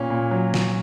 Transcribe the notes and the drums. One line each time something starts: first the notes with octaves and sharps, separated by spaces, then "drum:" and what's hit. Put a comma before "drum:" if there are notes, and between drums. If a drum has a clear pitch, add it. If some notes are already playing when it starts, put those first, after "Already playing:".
Already playing: A#2 C#4
A#2
F#3
drum: snare